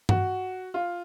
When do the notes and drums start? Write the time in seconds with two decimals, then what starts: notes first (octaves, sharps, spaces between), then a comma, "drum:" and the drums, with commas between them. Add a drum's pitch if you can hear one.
0.09 F#4, drum: tom G2
0.74 F4